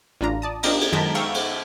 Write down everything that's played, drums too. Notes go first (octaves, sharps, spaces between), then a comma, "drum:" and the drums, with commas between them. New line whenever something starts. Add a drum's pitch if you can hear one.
A1 D4 F4 A#5
D5 A5 D#6
D4 F4 G4 A#4 D#5, drum: cymbal
drum: cymbal
F#2 D#3 G#3 A5 A#5 B6
F5 G5 C#6 E6, drum: cymbal
drum: cymbal